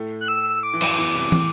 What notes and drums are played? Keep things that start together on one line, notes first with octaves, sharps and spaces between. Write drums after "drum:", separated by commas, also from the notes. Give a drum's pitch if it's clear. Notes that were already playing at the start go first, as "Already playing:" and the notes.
Already playing: A2 A3
F#6
E6
D6
E3
F#2 F#3, drum: cymbal
E2 E3
C2 C3
A2, drum: tom